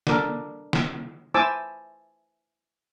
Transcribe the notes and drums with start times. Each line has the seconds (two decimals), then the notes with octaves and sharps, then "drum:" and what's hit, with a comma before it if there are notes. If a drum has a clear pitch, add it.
0.07 D4 A4 A#4 D6, drum: snare
0.73 drum: snare
1.34 E4 C5 G#5 A5 D6 E6